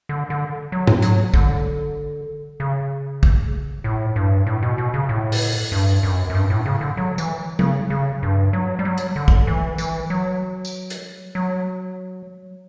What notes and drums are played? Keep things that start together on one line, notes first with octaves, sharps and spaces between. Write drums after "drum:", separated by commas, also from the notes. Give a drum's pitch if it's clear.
D3
D3
F#3
drum: tom G#2
F#3, drum: hi-hat
D3, drum: kick
C#3
drum: kick
A2
G2
A2
B2
B2
C#3
A2
drum: open hi-hat
G2
F#2
F#2
G2
A2
C#3
D3
F#3
E3, drum: tambourine
C#3, drum: tom F#3
C#3
G2
F#3
G3
F#3
drum: hi-hat
D3
drum: kick
E3
E3, drum: tambourine
F#3
drum: tambourine
drum: hi-hat
F#3